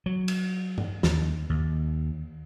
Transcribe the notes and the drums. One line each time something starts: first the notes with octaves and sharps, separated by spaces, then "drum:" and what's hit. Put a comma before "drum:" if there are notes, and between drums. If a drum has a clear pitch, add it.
F#3
drum: cymbal
drum: tom G2
D#2, drum: snare
D#2